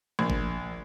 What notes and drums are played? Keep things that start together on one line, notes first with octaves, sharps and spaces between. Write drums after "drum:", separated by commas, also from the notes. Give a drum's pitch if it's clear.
A#1
drum: kick